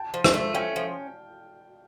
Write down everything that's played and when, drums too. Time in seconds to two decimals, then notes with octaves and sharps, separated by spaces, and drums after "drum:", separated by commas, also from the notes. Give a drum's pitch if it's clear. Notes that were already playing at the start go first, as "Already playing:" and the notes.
Already playing: G5 A5
0.14 F3
0.24 drum: rim click
0.34 A3
0.54 C#4 F5 G5
0.76 F3